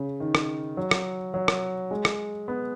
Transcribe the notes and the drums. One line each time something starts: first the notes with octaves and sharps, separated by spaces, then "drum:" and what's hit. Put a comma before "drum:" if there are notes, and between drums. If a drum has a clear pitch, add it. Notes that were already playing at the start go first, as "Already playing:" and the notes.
Already playing: C#3
D#3
drum: rim click
F#3
drum: rim click
F#3
drum: rim click
G#3
drum: rim click
B3